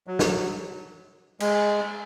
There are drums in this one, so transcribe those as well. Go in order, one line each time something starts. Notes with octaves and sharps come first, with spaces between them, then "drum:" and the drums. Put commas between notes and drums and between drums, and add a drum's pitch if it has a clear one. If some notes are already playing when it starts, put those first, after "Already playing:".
F#3
drum: snare
G#3, drum: cymbal